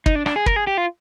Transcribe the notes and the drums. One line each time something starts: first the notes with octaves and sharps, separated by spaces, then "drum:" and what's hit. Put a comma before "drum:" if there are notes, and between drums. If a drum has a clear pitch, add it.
D#4, drum: kick
D4
D4, drum: rim click
G#4
A#4, drum: kick
G#4
G4
F4